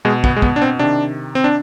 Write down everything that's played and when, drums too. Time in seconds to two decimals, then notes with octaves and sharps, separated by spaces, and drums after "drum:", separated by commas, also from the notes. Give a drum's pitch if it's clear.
0.05 B2 G#3
0.24 B3, drum: kick
0.36 G#3
0.42 B3, drum: kick
0.56 D4
0.62 C4
0.79 C3 D#3 D4
1.35 C4
1.44 D4